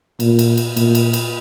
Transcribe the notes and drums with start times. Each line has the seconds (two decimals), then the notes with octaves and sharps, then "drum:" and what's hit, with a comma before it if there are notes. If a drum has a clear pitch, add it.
0.20 A#2, drum: cymbal
0.39 drum: cymbal
0.57 drum: cymbal
0.77 A#2, drum: cymbal
0.95 drum: cymbal
1.13 drum: cymbal